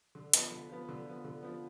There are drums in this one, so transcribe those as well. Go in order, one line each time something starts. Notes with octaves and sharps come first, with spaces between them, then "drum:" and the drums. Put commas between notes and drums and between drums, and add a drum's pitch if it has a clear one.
D3
F3 B3, drum: hi-hat
D3
F3 B3
D3
F3 B3
D3
F3 B3